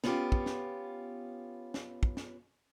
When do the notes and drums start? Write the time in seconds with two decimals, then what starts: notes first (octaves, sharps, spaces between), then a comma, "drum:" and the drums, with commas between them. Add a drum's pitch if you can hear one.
0.04 B3 C#4 F4 G4, drum: snare
0.32 drum: kick
0.46 drum: snare
1.74 drum: snare
2.03 drum: kick
2.17 drum: snare